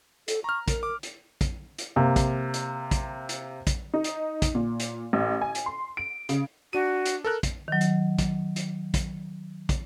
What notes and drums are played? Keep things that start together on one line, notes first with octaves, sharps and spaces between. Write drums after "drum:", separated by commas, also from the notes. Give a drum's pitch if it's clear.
A4, drum: hi-hat
A#5 C#6 F6
A#4, drum: kick, hi-hat
D6
drum: hi-hat
drum: kick, hi-hat
drum: hi-hat
C3 A#3
drum: kick, hi-hat
drum: hi-hat
drum: kick, hi-hat
drum: hi-hat
drum: kick, hi-hat
D#4
drum: hi-hat
drum: kick, hi-hat
A#2
drum: hi-hat
A1
G#5
drum: hi-hat
C6
D7
C#3, drum: hi-hat
D4 F#4 D#7
drum: hi-hat
A4 A#4 F#6
drum: kick, hi-hat
D#3 F#3
drum: hi-hat
drum: kick, hi-hat
drum: hi-hat
drum: kick, hi-hat
drum: kick, hi-hat